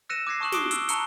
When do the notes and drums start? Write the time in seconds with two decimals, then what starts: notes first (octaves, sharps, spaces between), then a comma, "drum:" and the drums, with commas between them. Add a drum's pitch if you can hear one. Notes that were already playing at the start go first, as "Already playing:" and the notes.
0.09 E6 F#6 A#6 C#7 D#7 E7
0.27 D6 F#6 G#6 A#6 C7
0.40 A5 C#6 D#6 F#6 E7 F#7
0.52 D6 D#6 C7 D7 F#7 G7, drum: snare
0.71 E6, drum: hi-hat
0.89 A5 A#5 C#6 F#6 C#7 G7, drum: hi-hat